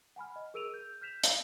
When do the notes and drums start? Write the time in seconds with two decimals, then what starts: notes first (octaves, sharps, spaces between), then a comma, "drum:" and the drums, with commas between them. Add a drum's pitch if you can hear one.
0.16 F#5 G#5 B5 F6
0.36 D#5
0.54 G#4 A#4 E6 D7 D#7 F7
0.74 G6
1.01 F6 G6 B6 E7 F7
1.24 F5, drum: hi-hat